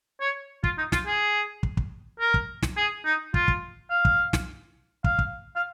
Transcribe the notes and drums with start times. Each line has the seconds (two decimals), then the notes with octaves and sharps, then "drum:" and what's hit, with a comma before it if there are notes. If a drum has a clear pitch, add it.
0.20 C#5
0.64 F4, drum: kick
0.78 D#4
0.92 F4, drum: snare
1.06 G#4
1.63 drum: kick
1.77 drum: kick
2.20 A#4
2.34 drum: kick
2.63 drum: snare
2.77 G#4
3.05 D#4
3.34 F4, drum: kick
3.48 drum: kick
3.90 F5
4.05 drum: kick
4.33 drum: snare
5.04 F5, drum: kick
5.19 drum: kick
5.56 F5